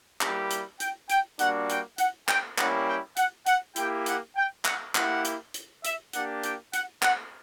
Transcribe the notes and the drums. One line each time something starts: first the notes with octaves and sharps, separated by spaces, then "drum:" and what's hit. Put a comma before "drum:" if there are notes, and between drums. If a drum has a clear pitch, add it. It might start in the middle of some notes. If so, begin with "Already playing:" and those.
G3 A#3 E4 G4, drum: clap
drum: hi-hat
G5, drum: hi-hat
G5, drum: hi-hat
G3 A#3 D4 F#4 F#5, drum: hi-hat
G5, drum: hi-hat
F#5, drum: hi-hat
G5, drum: clap
G3 A#3 C#4 E4 G4 F#5, drum: clap
G5
F#5, drum: hi-hat
F#5, drum: hi-hat
A#3 E4 G4 G5, drum: hi-hat
F#5, drum: hi-hat
G5
F#5, drum: clap
A#3 E4 G4 F#5, drum: clap
drum: hi-hat
drum: hi-hat
E5, drum: hi-hat
A#3 D4 G4 F#5, drum: hi-hat
G5, drum: hi-hat
F#5, drum: hi-hat
F#5, drum: clap